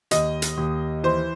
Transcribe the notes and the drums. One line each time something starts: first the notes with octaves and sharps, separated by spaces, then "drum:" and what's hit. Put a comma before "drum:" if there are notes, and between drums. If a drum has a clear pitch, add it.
D#2 D#5, drum: hi-hat
drum: hi-hat
D#2
E3 C5